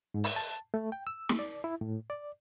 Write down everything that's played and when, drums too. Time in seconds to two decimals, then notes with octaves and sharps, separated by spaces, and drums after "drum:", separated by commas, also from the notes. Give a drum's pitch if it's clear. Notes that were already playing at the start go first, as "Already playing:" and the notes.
0.14 G#2
0.24 drum: open hi-hat
0.36 A5
0.74 A3
0.92 G5
1.07 E6
1.29 drum: snare
1.39 D5
1.64 E4
1.81 A2
2.10 D5